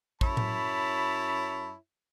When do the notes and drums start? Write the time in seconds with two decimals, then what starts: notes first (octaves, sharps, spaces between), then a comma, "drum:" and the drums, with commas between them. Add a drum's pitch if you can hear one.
0.21 F#2 E4 C#5 A5 B5, drum: kick
0.37 drum: tom A2